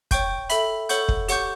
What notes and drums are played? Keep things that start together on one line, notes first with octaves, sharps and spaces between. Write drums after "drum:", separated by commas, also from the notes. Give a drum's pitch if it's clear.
C#5 G5 C#6 G6, drum: kick, hi-hat
A4 E5 B5, drum: hi-hat
A4 C#5 F#5 C#6 G6, drum: hi-hat
drum: kick
G4 C#5 F#5 C#6 G6, drum: hi-hat